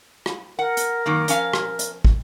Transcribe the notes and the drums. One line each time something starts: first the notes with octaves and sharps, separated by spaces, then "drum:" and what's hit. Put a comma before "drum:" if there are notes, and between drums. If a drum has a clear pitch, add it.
drum: rim click
A#4 F#5
drum: hi-hat
F#2 D#3 A#3
F3 C#4 F5, drum: hi-hat
drum: rim click
drum: hi-hat
drum: kick